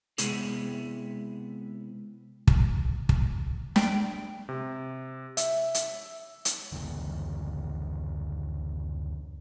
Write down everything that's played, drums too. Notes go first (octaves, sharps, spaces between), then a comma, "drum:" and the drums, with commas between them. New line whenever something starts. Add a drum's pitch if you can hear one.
C3 G#3 B3 E4 G#4, drum: hi-hat
drum: kick
drum: kick
G5, drum: snare
C3
E5, drum: hi-hat
drum: hi-hat
drum: hi-hat
F#1 D2 E3